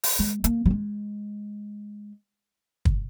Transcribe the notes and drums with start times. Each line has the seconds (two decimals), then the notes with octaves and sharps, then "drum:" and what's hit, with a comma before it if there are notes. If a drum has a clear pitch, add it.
0.04 drum: open hi-hat
0.19 G#3
0.44 A#3, drum: hi-hat
0.65 F#3
0.70 G#3
2.85 drum: kick